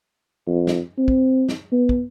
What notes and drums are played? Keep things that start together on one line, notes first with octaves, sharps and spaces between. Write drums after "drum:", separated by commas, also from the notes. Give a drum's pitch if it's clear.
F2
drum: snare
C4
drum: kick
drum: snare
B3
drum: kick